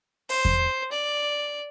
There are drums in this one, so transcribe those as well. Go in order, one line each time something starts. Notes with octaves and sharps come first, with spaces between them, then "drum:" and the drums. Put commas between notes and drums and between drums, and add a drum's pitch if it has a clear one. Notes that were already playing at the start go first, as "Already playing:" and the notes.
C5, drum: open hi-hat
drum: kick E2
D5